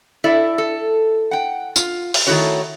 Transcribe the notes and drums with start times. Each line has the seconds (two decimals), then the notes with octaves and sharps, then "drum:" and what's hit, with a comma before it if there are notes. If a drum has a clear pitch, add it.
0.24 E4 A4 D5 E5
0.58 A4
1.31 F#5 G5
1.76 F4, drum: tambourine
2.14 drum: open hi-hat
2.27 D#3 A3 E4 F#4 C#5